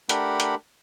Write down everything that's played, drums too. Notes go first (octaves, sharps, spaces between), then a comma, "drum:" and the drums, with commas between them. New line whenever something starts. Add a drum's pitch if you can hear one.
A3 D4 G4 A#4 F#5 B5, drum: hi-hat
drum: hi-hat